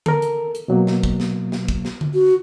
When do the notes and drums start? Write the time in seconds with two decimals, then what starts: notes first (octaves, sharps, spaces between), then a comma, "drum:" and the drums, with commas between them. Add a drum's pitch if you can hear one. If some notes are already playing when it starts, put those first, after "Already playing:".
0.06 A4 A#4, drum: tom D3
0.22 drum: hi-hat
0.55 drum: hi-hat
0.68 B2 F#3 A#3
0.87 drum: snare
1.03 drum: kick
1.20 drum: snare
1.52 drum: snare
1.69 drum: kick
1.85 drum: snare
2.01 drum: tom D3
2.13 F#4